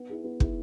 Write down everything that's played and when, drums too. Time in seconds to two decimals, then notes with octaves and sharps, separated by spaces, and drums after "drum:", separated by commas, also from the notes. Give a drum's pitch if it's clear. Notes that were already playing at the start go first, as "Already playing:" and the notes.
Already playing: B3
0.09 E4 G#4
0.24 B3
0.40 E4 G#4, drum: kick